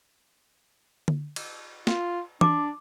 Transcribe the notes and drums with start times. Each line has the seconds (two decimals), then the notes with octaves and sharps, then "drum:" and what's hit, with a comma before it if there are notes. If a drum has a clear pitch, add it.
1.08 drum: tom D3
1.36 drum: cymbal
1.87 F4, drum: snare
2.41 D4 D6, drum: tom E3